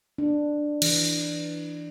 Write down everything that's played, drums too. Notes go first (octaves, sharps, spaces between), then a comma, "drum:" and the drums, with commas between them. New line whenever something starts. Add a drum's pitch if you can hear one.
D4
E3, drum: cymbal
drum: open hi-hat